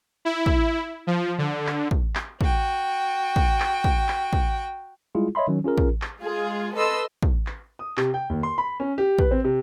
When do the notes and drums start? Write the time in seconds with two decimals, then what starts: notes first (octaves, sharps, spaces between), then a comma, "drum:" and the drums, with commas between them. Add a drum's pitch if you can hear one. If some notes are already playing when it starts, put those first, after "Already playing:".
0.25 E4
0.46 drum: kick
1.07 F3
1.38 D3
1.67 drum: clap
1.91 drum: kick
2.15 drum: clap
2.41 F#4 G5, drum: kick
3.36 drum: kick
3.60 drum: clap
3.84 drum: kick
4.08 drum: clap
4.33 drum: kick
5.15 G3 G#3 E4 F4 G#4
5.35 C#5 D#5 E5 B5 C6
5.48 D#3 F#3 C#4
5.64 C#4 F4 G#4 A#4
5.78 drum: kick
6.02 drum: clap
6.21 G#3 F4 G#4
6.75 A4 B4 D#5 C6 E6
7.22 drum: kick
7.47 drum: clap
7.79 D#6
7.97 C3, drum: clap
8.14 G5
8.29 D#2
8.43 C6
8.58 B5
8.80 C#4
8.98 G4
9.19 B4, drum: kick
9.31 C4
9.44 C3